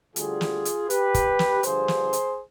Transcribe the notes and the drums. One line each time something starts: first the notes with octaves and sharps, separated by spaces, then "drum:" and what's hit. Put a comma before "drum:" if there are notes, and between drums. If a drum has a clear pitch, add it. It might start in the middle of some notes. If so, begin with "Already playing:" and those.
D2 D3 G3 F4 G#4, drum: hi-hat
drum: snare
drum: hi-hat
G4 B4, drum: hi-hat
drum: kick, hi-hat
drum: snare
G2 D3 F3 G#4 C5, drum: hi-hat
drum: snare
drum: hi-hat